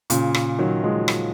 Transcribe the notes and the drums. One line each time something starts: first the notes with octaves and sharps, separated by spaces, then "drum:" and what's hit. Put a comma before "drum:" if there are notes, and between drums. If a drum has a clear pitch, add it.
A#2 C#3, drum: hi-hat
drum: rim click
D#3 F#3
F3 G#3
drum: rim click